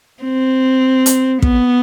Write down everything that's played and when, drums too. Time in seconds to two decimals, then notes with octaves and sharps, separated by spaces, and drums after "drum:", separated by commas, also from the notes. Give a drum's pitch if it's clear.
0.23 C4
1.06 drum: hi-hat
1.42 B3, drum: kick